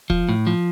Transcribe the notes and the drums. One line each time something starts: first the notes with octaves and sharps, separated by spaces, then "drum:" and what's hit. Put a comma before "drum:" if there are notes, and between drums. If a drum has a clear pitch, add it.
F3, drum: kick
A2
F3